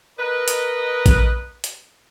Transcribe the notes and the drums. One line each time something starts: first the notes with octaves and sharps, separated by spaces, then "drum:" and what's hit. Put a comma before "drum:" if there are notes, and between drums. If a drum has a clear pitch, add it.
A#4 B4 D#5
drum: hi-hat
drum: kick A#1, hi-hat
drum: hi-hat